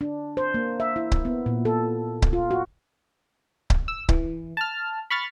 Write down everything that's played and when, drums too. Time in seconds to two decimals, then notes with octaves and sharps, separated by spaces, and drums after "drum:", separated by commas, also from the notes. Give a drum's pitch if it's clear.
0.01 D4
0.37 C5
0.54 A#3
0.80 E5
0.96 E4
1.12 drum: kick C#1
1.25 B3
1.46 A#2
1.65 A4
2.22 drum: kick C#1
2.33 F4
2.51 F#4
3.70 drum: kick C#1
3.88 E6
4.09 E3, drum: kick C#1
4.57 A5 F6
5.10 B5 C#6 F6 A6